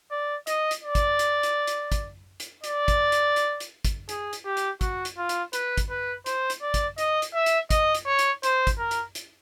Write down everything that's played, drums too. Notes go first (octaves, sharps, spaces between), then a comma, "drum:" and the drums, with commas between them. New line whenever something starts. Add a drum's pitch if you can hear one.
D5
D#5, drum: hi-hat
drum: hi-hat
D5
drum: kick, hi-hat
drum: hi-hat
drum: hi-hat
drum: hi-hat
drum: kick, hi-hat
drum: hi-hat
D5, drum: hi-hat
drum: kick, hi-hat
drum: hi-hat
drum: hi-hat
drum: hi-hat
drum: kick, hi-hat
G#4, drum: hi-hat
drum: hi-hat
G4
drum: hi-hat
F#4, drum: kick, hi-hat
drum: hi-hat
F4
drum: hi-hat
B4, drum: hi-hat
drum: kick, hi-hat
B4
C5, drum: hi-hat
drum: hi-hat
D5
drum: kick, hi-hat
D#5, drum: hi-hat
drum: hi-hat
E5
drum: hi-hat
D#5, drum: kick, hi-hat
drum: hi-hat
C#5
drum: hi-hat
C5, drum: hi-hat
drum: kick, hi-hat
A#4
drum: hi-hat
drum: hi-hat